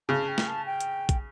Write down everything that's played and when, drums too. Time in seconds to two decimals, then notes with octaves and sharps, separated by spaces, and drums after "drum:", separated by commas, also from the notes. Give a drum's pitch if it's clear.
0.09 C#3 A5
0.28 G5
0.38 drum: snare
0.48 A5
0.66 G5
0.80 drum: hi-hat
1.09 drum: kick, hi-hat